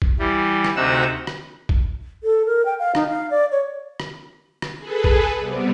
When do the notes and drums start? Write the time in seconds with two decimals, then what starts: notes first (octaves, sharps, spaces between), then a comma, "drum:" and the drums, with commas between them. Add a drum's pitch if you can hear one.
0.02 drum: kick A1
0.19 E3 G3
0.64 drum: rim click
0.76 D2 C3 D#4 F#4 F#5 E6
1.27 drum: rim click
1.69 drum: kick A1
2.24 A4
2.46 A#4
2.66 G5
2.79 F5
2.95 D#4, drum: rim click
3.08 F5
3.31 D5
3.52 C#5
4.00 drum: rim click
4.62 drum: rim click
4.78 G#4 A4 B4
5.04 drum: kick A1
5.37 C3 G3 B3 C4